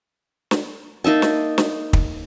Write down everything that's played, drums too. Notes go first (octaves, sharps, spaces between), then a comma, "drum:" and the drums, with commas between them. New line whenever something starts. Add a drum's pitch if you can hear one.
drum: snare
A#3 D#4 E5 A5
drum: snare
drum: snare
drum: kick